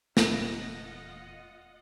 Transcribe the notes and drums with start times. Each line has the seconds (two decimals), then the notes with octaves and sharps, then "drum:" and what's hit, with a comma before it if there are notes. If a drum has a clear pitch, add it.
0.17 D#1 E2 F4 D#5 F#5 A#6, drum: snare